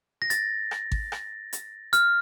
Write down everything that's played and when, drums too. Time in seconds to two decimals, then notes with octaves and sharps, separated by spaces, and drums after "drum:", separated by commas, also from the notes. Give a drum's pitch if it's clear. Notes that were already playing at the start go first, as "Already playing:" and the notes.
0.22 A#6
0.30 A6, drum: hi-hat
0.71 drum: rim click
0.92 drum: kick G#1
1.12 drum: rim click
1.53 drum: hi-hat
1.93 F6, drum: hi-hat